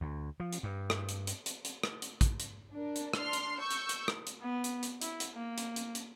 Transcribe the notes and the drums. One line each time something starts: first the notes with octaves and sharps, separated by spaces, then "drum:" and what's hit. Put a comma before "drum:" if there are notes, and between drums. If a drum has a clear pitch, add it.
D2
F3
drum: hi-hat
G2
drum: rim click
drum: hi-hat
drum: hi-hat
drum: hi-hat
drum: hi-hat
drum: rim click
drum: hi-hat
drum: kick, hi-hat
drum: hi-hat
D4 A#4
drum: hi-hat
D4 C6 F6, drum: rim click
drum: hi-hat
C#6 E6 G6
drum: hi-hat
drum: hi-hat
drum: rim click
drum: hi-hat
B3
drum: hi-hat
drum: hi-hat
E4, drum: hi-hat
drum: hi-hat
A#3
drum: hi-hat
drum: hi-hat
drum: hi-hat